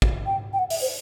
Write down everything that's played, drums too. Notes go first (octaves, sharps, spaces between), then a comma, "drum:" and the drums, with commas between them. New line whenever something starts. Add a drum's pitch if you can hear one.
drum: kick
G5
G5
F#5
E5, drum: open hi-hat
C5